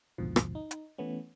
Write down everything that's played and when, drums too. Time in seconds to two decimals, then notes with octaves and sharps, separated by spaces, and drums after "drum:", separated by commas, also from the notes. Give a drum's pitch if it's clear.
0.18 A#1 D#2 G#2 B2 D3 F3
0.36 drum: rim click
0.55 D#4
0.71 drum: hi-hat
0.98 E3 A3 B3 C#4